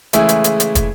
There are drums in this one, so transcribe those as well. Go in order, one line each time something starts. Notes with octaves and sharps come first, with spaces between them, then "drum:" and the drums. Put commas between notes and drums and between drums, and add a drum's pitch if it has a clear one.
C#3 E3 G#3 A3 E4 G#4, drum: hi-hat
drum: hi-hat
drum: hi-hat
drum: hi-hat
drum: kick, hi-hat